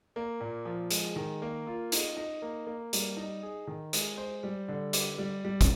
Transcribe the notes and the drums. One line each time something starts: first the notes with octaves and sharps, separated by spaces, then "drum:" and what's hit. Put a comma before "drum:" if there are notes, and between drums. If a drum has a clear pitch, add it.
A#3
A#2
F3
G#3, drum: hi-hat
D#3
A#3
F4
D#4, drum: hi-hat
D#4
A#3
A#3
G3, drum: hi-hat
D#4
G#4
D#3
G#3, drum: hi-hat
C5
G3
D3
G4, drum: hi-hat
G3
G3
drum: kick, hi-hat